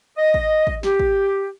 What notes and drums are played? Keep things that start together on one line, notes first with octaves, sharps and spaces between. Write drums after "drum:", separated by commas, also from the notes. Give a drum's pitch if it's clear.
D#5
drum: kick
drum: kick
G4, drum: snare
drum: kick